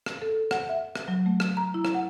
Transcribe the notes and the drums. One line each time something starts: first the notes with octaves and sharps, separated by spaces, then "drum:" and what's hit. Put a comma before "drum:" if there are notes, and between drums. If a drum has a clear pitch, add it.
drum: rim click
A4
F#5, drum: rim click
E5
drum: rim click
F#3
A3
drum: rim click
A#5
E4
drum: rim click
F#5